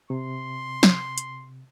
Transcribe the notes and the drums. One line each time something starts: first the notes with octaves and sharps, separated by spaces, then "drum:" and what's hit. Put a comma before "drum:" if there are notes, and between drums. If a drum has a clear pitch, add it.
C3 C6
drum: snare
drum: hi-hat